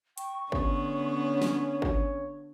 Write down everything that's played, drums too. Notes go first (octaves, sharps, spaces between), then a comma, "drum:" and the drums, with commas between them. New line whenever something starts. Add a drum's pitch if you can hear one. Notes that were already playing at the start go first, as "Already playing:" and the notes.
G5 C#6, drum: hi-hat
D3 B3 C#4 C#5, drum: kick
drum: snare
drum: kick